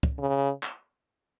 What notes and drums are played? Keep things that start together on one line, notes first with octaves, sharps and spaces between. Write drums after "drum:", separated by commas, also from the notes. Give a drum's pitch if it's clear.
drum: kick
C#3
drum: clap